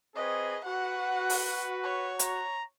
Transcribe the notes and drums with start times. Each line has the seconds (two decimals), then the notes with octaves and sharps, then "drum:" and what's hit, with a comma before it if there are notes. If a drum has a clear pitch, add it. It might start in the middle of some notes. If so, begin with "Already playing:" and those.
0.16 C4 G#4 B4 C#5 D#5
0.65 F#4 B4 F#5
1.30 drum: open hi-hat
1.84 C#5
2.19 A#5, drum: hi-hat